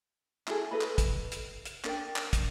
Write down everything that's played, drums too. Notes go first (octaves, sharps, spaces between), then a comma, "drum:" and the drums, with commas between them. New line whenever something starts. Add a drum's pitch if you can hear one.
E4 F#4 G#4 A4, drum: clap
A4 B4 D#5 B5
drum: clap
drum: kick, hi-hat
drum: hi-hat
drum: hi-hat
D4 A#4 D5 G5, drum: clap
drum: clap
drum: kick, hi-hat